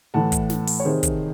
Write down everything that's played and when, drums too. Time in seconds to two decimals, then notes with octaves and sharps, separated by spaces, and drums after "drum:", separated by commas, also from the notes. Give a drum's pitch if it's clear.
0.14 A2 E3 F#5 A5
0.32 drum: kick, hi-hat
0.50 drum: snare
0.67 drum: open hi-hat
0.80 C#5
0.85 C3 D#3 G#4 C5
1.03 drum: kick, hi-hat